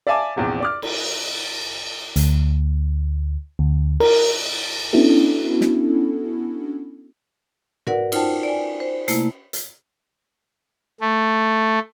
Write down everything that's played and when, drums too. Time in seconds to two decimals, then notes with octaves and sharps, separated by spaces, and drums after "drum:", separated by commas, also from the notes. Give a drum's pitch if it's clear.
0.07 D5 E5 F5 G#5 A5 D6
0.36 A#1 E2 C3
0.60 D5 D6 F6
0.82 drum: cymbal
2.16 D2, drum: hi-hat
3.59 D2
4.00 A#4, drum: cymbal
4.93 B3 C#4 D4 E4 F#4 A4
5.61 drum: snare
7.87 F#4 A#4 B4 D5 F#5, drum: tom G#2
8.12 D#4 F4 C5 G5 A5, drum: cymbal
8.43 D5 G#5
8.80 C5
9.08 C3 A3 A#3 E4, drum: hi-hat
9.53 drum: hi-hat
11.01 A3